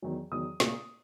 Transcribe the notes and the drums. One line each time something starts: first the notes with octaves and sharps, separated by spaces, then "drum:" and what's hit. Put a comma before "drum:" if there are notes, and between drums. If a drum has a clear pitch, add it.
E2 D#3 F#3
E2 D#3 F#3 D#6
A#2 A#3, drum: snare